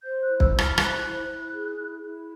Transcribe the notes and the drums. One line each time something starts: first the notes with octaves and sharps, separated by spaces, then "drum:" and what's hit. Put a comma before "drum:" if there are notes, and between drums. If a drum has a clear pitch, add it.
C5 G6
F#6
E4
E6, drum: kick
E4
F6, drum: rim click
C5 F#6, drum: rim click
E4
E4
G#4
E4
E4